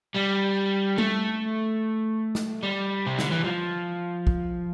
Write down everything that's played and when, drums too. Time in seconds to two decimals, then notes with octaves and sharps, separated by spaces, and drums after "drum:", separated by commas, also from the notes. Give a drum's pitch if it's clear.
0.16 G3
0.98 A3, drum: tom G3
2.35 drum: snare
2.63 G3
3.07 C3
3.19 D3, drum: snare
3.31 E3
3.45 F3
4.27 drum: kick